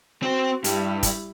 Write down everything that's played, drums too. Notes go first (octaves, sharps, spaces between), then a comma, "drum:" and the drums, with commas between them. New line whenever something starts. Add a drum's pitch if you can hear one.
C4 F#4 C5
G2 G3 E4, drum: hi-hat
drum: kick, hi-hat